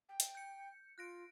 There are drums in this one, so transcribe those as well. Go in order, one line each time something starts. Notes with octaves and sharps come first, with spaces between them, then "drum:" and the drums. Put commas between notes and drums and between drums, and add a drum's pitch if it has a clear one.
G5
drum: hi-hat
G6 C#7
F4 F#6 A#6 D7